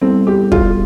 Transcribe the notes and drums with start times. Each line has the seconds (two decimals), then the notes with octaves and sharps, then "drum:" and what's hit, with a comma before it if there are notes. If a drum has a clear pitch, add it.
0.02 G3 B3 C4 E4 A4
0.27 G4
0.52 F4, drum: kick